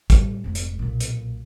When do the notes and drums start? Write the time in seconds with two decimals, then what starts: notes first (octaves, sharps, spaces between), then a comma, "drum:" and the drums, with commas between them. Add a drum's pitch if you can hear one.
0.10 A2 G3, drum: kick, hi-hat
0.44 F1 G#2
0.55 drum: hi-hat
0.79 B1 A#2
1.00 drum: hi-hat